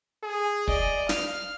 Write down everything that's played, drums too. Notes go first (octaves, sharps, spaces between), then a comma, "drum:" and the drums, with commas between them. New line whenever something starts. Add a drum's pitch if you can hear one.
G#4
D5 D#5, drum: kick
F5 F6, drum: snare